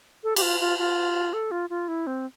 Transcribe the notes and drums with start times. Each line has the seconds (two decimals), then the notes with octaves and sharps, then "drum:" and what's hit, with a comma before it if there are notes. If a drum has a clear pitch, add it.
0.24 A4
0.36 G4, drum: cymbal
0.42 F4
0.60 F4
0.79 F4
1.33 A4
1.51 F4
1.70 F4
1.88 E4
2.07 C4